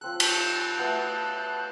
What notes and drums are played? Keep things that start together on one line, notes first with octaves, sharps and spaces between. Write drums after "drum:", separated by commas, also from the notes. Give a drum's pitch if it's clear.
F3 C4 A4 F#6
A5 F#6 G6, drum: cymbal
A3 B3 F#4